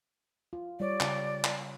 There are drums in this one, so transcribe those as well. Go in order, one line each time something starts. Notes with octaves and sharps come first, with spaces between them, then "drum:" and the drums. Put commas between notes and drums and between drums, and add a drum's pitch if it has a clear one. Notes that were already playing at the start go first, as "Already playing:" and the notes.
F4
G3 F4 C#5 D5
C#3, drum: clap
drum: clap